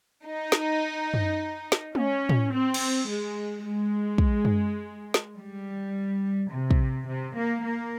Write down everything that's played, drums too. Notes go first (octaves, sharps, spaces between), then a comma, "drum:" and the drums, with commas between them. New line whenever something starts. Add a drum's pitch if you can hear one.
D#4
drum: snare
drum: tom F#2
drum: snare
C#4, drum: tom G#3
drum: tom A2
C4
drum: cymbal
G#3
G#3
drum: kick
drum: tom F#2
drum: snare
G3
C3
drum: kick
C3
A#3
A#3